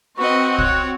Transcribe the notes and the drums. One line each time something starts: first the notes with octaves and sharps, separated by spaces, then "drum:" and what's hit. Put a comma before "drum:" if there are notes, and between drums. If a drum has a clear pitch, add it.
C4 F#4 B4 D#5 C#6
C#5 F#6, drum: kick